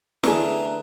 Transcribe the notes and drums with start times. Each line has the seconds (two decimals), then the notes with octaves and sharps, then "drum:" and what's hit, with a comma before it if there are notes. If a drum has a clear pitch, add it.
0.23 D3 A3 D4 E4 G#4 B4 A#5, drum: snare